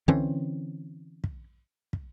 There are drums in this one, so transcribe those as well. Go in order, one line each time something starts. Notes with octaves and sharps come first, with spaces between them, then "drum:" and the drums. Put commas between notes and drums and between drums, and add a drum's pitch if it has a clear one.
D3 E3 C4 C#4, drum: kick
drum: kick
drum: kick